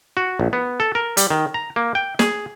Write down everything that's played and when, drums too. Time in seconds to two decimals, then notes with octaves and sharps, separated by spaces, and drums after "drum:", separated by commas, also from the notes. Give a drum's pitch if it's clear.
0.17 F#4
0.40 A#1
0.53 B3
0.80 A4
0.95 A#4
1.17 G3, drum: hi-hat
1.31 D#3
1.54 A#5
1.76 A#3
1.95 G5
2.19 G#4, drum: snare